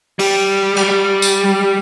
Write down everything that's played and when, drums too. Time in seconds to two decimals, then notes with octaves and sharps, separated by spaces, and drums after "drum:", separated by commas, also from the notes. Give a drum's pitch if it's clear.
0.19 G3 G4, drum: open hi-hat
0.76 drum: cymbal
1.22 drum: tambourine